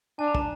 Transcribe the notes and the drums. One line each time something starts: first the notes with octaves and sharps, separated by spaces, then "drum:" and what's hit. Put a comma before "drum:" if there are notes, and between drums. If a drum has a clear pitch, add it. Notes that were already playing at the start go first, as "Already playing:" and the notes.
D4 G#5
A#5
A5, drum: kick